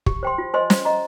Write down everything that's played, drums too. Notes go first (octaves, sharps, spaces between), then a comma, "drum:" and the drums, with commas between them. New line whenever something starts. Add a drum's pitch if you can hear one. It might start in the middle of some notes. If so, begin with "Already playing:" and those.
G4, drum: kick
C5 G5 C6
F4
C5 D#5 G#5 C6
C5, drum: snare
D#5 A#5